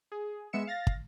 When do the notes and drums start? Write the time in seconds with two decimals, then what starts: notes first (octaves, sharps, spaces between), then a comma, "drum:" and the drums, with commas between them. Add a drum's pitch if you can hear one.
0.12 G#4
0.53 G#3 B3 E5 C#7 E7
0.67 F5 A6 A#6
0.87 drum: kick